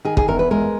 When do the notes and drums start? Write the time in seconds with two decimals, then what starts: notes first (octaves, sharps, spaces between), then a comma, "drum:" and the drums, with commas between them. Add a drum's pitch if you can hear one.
0.05 D#3 G#4
0.17 G#4, drum: kick
0.28 E2 A#4
0.39 B4
0.51 G#3 A#4